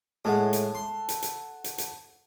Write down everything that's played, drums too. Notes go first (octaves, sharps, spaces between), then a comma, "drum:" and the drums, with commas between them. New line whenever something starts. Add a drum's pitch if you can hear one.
A2 G#3 A4 F#5
drum: hi-hat
C6
drum: hi-hat
drum: hi-hat
drum: hi-hat
drum: hi-hat